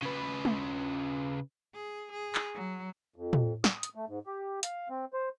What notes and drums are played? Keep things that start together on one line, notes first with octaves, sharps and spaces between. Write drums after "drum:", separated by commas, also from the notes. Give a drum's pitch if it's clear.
C#3 B4
drum: tom
G#4
G#4
drum: clap
F#3
F2
drum: tom
D#6, drum: snare
drum: hi-hat
A3
G#2
G4
F5, drum: hi-hat
C4
C5